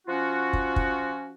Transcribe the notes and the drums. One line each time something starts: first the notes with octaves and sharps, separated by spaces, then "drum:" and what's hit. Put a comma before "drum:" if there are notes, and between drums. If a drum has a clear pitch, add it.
F3 C#4 F4 F#4
drum: kick
drum: kick